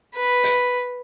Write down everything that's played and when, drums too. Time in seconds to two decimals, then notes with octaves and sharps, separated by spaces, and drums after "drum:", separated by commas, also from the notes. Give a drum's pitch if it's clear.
0.16 B4
0.44 drum: hi-hat